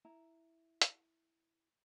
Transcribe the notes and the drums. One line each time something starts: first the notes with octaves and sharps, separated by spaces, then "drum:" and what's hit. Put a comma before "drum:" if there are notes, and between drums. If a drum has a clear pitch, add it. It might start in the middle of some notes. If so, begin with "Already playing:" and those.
E4 A#5
drum: hi-hat